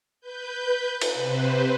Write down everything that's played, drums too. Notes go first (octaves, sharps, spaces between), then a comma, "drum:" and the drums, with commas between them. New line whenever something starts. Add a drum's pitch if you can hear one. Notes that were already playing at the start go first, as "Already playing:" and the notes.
B4 G6
drum: cymbal
C3 B4 C5